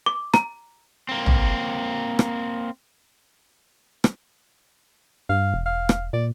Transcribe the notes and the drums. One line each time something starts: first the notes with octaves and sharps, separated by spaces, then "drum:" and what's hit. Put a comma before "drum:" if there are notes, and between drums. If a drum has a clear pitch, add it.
D6
A#5, drum: rim click
A#3 C4
drum: tom A1
drum: rim click
drum: rim click
G2 F5
E1
F5
drum: rim click
A#2 D5